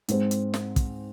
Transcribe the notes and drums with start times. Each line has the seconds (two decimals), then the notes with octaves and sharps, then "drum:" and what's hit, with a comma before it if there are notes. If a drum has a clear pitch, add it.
0.08 G#2 G#3 C4, drum: hi-hat
0.31 drum: hi-hat
0.54 drum: snare
0.76 drum: kick, hi-hat